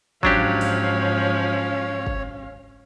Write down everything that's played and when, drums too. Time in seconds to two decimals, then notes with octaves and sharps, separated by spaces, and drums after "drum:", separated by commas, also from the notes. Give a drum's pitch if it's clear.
0.23 G#2 F3 F#3 C#4 D4 G4 C#5 F5, drum: kick
0.61 drum: open hi-hat
2.07 drum: kick